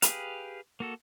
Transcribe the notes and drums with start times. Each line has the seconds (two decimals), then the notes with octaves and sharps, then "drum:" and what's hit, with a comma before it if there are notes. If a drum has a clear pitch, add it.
0.02 G4 G#4 B4 F5, drum: hi-hat
0.80 A#3 F#4 A4